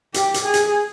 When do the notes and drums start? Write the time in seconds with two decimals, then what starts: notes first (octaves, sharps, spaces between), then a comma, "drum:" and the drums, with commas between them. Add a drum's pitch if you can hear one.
0.14 G4, drum: hi-hat
0.34 drum: hi-hat
0.44 G#4
0.54 drum: hi-hat